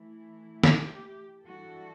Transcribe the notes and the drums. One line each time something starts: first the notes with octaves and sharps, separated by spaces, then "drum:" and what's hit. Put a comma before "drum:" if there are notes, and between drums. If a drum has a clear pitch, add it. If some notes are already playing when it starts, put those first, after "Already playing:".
Already playing: E3 A3 E4
G4, drum: snare
E3 G3 D4 F#4 A4